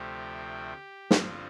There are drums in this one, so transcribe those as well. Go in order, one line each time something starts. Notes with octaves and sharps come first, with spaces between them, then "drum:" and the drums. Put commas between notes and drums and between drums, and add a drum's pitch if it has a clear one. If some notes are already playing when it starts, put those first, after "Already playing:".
Already playing: D2 C3 F3 A3 G4
G2 D3 F3 C4 F4, drum: snare